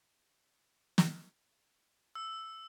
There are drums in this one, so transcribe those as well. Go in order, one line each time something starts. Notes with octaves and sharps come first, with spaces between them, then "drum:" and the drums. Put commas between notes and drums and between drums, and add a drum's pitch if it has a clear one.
drum: snare
E6